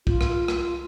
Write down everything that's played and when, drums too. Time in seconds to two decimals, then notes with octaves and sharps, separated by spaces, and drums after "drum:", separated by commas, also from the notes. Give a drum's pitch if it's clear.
0.07 F4, drum: kick
0.21 drum: rim click
0.48 drum: rim click